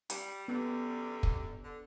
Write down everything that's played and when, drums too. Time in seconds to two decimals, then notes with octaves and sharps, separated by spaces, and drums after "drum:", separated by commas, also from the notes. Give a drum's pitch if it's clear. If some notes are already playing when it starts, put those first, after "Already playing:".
0.10 G3 C#7, drum: hi-hat
0.48 F#2 D3 G3 B3
1.23 drum: kick
1.63 D3